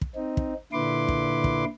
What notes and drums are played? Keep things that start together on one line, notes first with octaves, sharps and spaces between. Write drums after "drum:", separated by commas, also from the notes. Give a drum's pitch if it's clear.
drum: kick
C4 D#4
drum: kick
A#2 D3 E4 B4 C6 D6
drum: kick
drum: kick